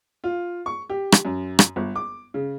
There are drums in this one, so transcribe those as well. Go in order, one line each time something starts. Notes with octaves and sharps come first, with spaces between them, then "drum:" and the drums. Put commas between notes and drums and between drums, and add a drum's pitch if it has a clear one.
F4
C#6
G4
drum: rim click
F#2
drum: rim click
G1
D6
C#3